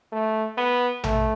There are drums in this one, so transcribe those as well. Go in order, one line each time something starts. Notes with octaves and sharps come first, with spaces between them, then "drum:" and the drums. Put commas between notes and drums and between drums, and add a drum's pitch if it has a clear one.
A3
B3
A3, drum: tom A#1